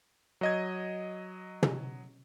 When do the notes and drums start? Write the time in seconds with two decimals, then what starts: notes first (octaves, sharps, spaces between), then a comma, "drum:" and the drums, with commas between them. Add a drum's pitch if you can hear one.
0.41 F#3 D#5 G#6
1.63 drum: tom